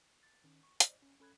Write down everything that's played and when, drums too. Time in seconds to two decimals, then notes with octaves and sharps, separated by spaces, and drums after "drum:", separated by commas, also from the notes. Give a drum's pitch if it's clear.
0.23 A6
0.44 D#3 C#4
0.63 C#6
0.80 C5 D5 D#5, drum: hi-hat
1.02 C#4
1.20 C#4 A4 B5 F#6 G#6